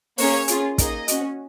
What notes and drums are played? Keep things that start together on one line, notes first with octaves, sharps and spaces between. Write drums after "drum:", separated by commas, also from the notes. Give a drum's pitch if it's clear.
A#3 C#4 G#4 C#5, drum: open hi-hat
C#4 F4 G#4, drum: hi-hat
A#3 D#4 G#4 D#5, drum: kick, hi-hat
C#4 F#4, drum: hi-hat